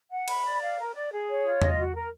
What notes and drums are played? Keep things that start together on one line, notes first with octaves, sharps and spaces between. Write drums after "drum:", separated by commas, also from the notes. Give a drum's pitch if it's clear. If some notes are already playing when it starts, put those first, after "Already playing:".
F#5
B5, drum: cymbal
D5
F5
A#4
D5
G#4
C#5
F4
D#5, drum: tom E2
F#4
A#4